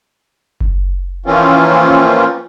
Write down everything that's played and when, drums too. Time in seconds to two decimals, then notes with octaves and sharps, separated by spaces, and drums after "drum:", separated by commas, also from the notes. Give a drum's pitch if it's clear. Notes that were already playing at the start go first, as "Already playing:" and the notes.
0.61 drum: kick F#1
1.26 E3 F3 A#3 C4 C#4 F4